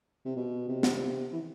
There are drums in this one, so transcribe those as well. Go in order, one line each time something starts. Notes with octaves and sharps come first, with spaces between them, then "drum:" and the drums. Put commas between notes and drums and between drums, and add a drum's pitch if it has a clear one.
C3
B2
C3
drum: snare
E3